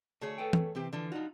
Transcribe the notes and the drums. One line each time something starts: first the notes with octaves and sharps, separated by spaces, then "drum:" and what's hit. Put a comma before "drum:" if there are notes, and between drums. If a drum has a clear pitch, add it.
D2 A3 G#4 C#5
A4 B4 G5
drum: tom
C3 E3 C4 G4
D3 E3 F3
F3 D#4 F4 F#4